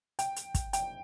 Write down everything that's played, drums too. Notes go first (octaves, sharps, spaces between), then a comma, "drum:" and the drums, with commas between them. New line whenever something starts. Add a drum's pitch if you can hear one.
G5, drum: hi-hat
drum: hi-hat
drum: kick, hi-hat
G5, drum: hi-hat